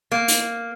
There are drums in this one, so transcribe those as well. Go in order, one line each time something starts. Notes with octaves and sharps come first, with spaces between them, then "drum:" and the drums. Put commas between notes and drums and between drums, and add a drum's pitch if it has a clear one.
A#3
drum: hi-hat